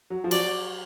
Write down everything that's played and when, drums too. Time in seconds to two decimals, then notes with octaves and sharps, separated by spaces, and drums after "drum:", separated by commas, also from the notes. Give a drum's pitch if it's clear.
0.10 F#3
0.24 F3
0.31 F#3 D5, drum: cymbal